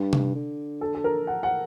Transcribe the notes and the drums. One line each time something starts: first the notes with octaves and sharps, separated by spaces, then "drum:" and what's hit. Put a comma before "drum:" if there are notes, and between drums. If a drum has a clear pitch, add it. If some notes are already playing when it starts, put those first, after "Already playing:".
Already playing: G2
drum: tom C3
D3
A4
A4
A#4
F#5
F#5